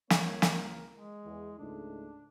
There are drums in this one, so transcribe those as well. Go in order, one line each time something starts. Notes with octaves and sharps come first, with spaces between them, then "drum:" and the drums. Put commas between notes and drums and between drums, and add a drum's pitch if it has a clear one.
C#2 E3 A#3 C#5, drum: snare
drum: snare
A#4
G#3
E2
C#2 G#2 A3 D4